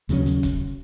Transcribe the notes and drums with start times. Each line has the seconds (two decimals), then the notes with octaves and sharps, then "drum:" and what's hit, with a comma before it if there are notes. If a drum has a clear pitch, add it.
0.09 D#2 C#3 F#3 C#4, drum: hi-hat
0.26 drum: hi-hat
0.43 drum: kick, hi-hat